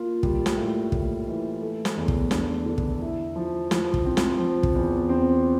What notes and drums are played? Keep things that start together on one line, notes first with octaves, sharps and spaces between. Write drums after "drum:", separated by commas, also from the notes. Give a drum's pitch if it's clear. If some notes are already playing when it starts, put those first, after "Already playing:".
Already playing: A#3 F4
G3, drum: kick
drum: snare
A2
A2, drum: kick
E3
A3
drum: snare
E2
drum: kick
D4, drum: snare
D3
drum: kick
E4
F3
F3, drum: snare
drum: kick
C4
drum: snare
F3
drum: kick
E2
C4